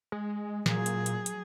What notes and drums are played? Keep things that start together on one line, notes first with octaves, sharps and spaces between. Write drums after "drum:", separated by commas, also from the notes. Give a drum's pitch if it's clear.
G#3
A#2 F#3 G#4, drum: snare
drum: hi-hat
drum: hi-hat
drum: hi-hat